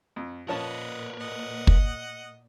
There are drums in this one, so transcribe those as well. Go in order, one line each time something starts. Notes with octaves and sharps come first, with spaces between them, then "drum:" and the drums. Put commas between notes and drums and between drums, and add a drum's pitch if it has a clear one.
F2
A#2 F3 C#4 A#4 B4 D#5 F#5 A5
D#5 F#5
drum: kick